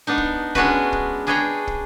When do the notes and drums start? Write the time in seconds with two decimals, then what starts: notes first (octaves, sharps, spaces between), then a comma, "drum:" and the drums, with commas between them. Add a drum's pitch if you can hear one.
0.07 B3 D4 D#4
0.18 drum: kick
0.55 G#3 B3 C#4 D4 F#4 B4, drum: kick
0.93 drum: kick
1.27 D4 G#4 B4 C#5 G5 A#5
1.67 drum: kick